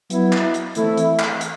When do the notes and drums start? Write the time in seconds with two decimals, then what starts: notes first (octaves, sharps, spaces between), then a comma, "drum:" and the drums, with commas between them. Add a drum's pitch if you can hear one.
0.10 F#3 B3 E4, drum: hi-hat
0.32 drum: clap
0.54 drum: hi-hat
0.75 E3 A3 C4 E4, drum: hi-hat
0.97 drum: hi-hat
1.19 drum: clap
1.41 drum: hi-hat